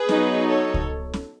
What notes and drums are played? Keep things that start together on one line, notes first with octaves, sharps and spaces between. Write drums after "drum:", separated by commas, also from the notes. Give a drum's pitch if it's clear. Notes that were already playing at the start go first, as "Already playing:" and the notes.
Already playing: G#4 B4
F#3 B3 D#4, drum: snare C#4
A4 C#5
drum: kick C#2
drum: snare C#4